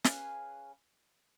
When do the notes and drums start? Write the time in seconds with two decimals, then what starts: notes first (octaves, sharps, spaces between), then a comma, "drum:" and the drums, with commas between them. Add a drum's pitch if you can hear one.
0.04 C#4 G#4 B4 F5, drum: snare